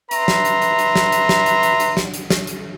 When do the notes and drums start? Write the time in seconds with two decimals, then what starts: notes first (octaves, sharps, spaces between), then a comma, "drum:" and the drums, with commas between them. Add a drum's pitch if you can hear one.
0.11 B4 E5 A#5 C6, drum: hi-hat
0.28 drum: snare
0.45 drum: hi-hat
0.62 drum: hi-hat
0.79 drum: hi-hat
0.95 drum: snare
1.12 drum: hi-hat
1.29 drum: snare
1.46 drum: hi-hat
1.63 drum: hi-hat
1.80 drum: hi-hat
1.97 drum: snare
2.14 drum: hi-hat
2.30 drum: snare
2.47 drum: hi-hat